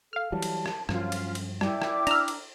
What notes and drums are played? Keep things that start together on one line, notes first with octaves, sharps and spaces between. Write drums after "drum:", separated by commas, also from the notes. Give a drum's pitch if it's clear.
A4 F5 F6
E3 F#3 G3 A5
drum: cymbal
drum: rim click
G2 F3 F#3 C#4 F4, drum: rim click
drum: cymbal
drum: cymbal
G3 E4 D5 G5 D6, drum: rim click
drum: rim click
D4 A#5 E6 F6, drum: cymbal
drum: cymbal